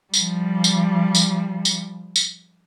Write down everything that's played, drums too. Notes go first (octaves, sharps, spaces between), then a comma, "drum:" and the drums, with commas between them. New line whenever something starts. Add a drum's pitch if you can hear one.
F3 G3, drum: tambourine
drum: tambourine
drum: tambourine
drum: tambourine
drum: tambourine